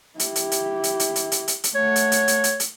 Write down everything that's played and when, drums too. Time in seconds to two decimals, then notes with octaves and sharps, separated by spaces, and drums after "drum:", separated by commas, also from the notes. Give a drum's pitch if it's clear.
0.20 E4 G4, drum: hi-hat
0.36 drum: hi-hat
0.52 drum: hi-hat
0.84 drum: hi-hat
1.00 drum: hi-hat
1.16 drum: hi-hat
1.32 drum: hi-hat
1.48 drum: hi-hat
1.64 drum: hi-hat
1.75 A3 C#5 F#5
1.96 drum: hi-hat
2.12 drum: hi-hat
2.28 drum: hi-hat
2.44 drum: hi-hat
2.60 drum: hi-hat